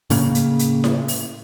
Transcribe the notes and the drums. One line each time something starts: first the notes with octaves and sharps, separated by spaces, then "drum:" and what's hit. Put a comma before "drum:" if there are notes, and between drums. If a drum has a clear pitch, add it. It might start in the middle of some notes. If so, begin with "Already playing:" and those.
A2 C#3 A#3, drum: open hi-hat
drum: hi-hat
drum: hi-hat
drum: snare E4
drum: open hi-hat